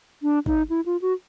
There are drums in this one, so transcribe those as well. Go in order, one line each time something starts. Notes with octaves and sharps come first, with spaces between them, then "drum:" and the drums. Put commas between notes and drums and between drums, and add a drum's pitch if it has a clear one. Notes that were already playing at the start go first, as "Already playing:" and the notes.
D4
D#4, drum: kick
E4
F4
F#4